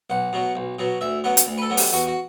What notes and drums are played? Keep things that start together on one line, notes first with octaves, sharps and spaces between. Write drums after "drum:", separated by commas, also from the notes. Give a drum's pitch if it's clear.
B1 F#5
B2 F#3
B1
B2 F#3
D2 E5
D3 F#3 B3 F#5
drum: hi-hat
D2
B4
A4
D3 F#3 B3
G4, drum: open hi-hat
E2 F#4
F#4